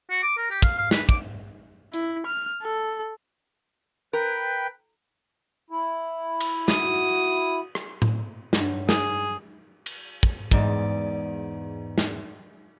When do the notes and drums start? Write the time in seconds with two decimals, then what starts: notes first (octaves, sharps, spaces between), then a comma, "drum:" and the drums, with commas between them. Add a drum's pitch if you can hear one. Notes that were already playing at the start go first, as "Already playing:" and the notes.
0.10 F#4
0.23 D6
0.37 A#4
0.50 G4
0.62 F5, drum: kick
0.78 F5
0.91 B4, drum: snare
1.09 D6, drum: kick
1.94 E4, drum: hi-hat
2.26 F6
2.63 A4
4.13 A#4 B4 G5
5.70 E4
6.40 drum: cymbal
6.68 F#4 D#6, drum: snare
7.75 drum: rim click
8.02 drum: tom A2
8.53 G2 F#3, drum: snare
8.89 G#4, drum: snare
9.86 drum: cymbal
10.23 drum: kick
10.51 E2 G#2 D5, drum: kick
11.98 drum: snare